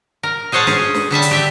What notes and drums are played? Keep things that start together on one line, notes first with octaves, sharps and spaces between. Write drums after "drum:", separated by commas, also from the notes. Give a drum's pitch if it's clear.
A#4
G#4 C5 C#5 F#5 A5
C#4 G#4, drum: snare
drum: snare
D3 G3 E5 A5
drum: hi-hat
G4 E5 G5